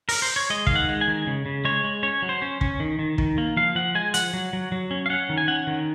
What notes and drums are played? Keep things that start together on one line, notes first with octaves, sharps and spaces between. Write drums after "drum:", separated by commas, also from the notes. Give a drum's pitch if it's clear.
A#4, drum: open hi-hat
C5
C#5
G#3 D#5
D#3 F5, drum: kick
F#5
G#3
G#5
D#3
C#3
C#3
G#3 C#5
G#3
C#4 C#5
F#3
C5
C#4
C#4, drum: kick
D#3
D#3
D#3, drum: kick
A#3
F3 F5
F3 F#5
G#3 G#5
F3 F#5, drum: hi-hat
F#3
F#3
F#3
C#4
F5
C#4 F#5
D#3
G#5
C#4 F#5
D#3